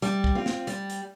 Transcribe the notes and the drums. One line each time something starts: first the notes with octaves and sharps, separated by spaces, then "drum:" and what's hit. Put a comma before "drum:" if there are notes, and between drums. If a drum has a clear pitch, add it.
G3, drum: hi-hat
drum: kick
C4 F4
drum: snare
G3, drum: hi-hat
drum: hi-hat